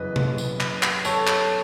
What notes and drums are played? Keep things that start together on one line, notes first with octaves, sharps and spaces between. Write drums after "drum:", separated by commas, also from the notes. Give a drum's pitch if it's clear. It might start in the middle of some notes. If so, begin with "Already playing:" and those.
Already playing: F#2 C#3 E3 B4 D#5
drum: tom C3
drum: tambourine
drum: clap
drum: clap
A4 C#5, drum: tambourine
drum: clap